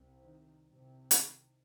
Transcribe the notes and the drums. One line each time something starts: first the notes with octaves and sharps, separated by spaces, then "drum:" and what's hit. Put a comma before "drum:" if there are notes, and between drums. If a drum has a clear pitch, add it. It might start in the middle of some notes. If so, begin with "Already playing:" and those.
Already playing: C2 C3
D#3
C2 C3
D#3, drum: hi-hat